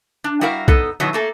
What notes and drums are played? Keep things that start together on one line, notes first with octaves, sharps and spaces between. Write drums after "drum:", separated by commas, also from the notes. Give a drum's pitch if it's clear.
D4
G3 E4 F#4 A#4 F5
B3 D#4 A4, drum: kick
B2 D#3 E3 F#3
A3 A#3 A4